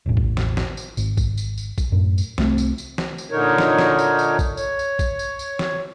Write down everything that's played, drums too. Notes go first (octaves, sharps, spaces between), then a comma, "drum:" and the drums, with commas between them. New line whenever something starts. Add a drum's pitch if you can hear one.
E1 A1
drum: kick
drum: snare
drum: snare
drum: tambourine
G#1, drum: tambourine
drum: kick, tambourine
drum: tambourine
drum: tambourine
drum: kick, tambourine
F#2 A2
drum: tambourine
C2 A3 C4, drum: snare
drum: tambourine
drum: tambourine
drum: snare
drum: tambourine
A#2 D3 D#4 A#4 C#5
drum: snare
drum: snare
drum: tambourine
drum: tambourine
drum: kick, tambourine
C#5, drum: tambourine
drum: tambourine
drum: kick, tambourine
drum: tambourine
drum: tambourine
drum: snare